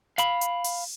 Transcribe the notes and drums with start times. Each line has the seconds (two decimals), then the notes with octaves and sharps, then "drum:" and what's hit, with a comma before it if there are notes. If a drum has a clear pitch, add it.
0.18 F5 B5, drum: hi-hat
0.41 drum: hi-hat
0.64 drum: open hi-hat